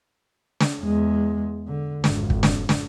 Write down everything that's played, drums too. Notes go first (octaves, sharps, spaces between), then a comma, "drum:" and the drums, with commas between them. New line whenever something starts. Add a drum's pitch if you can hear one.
drum: snare
E2 G#3
D3
G#1 F2, drum: snare
drum: kick
drum: snare
drum: snare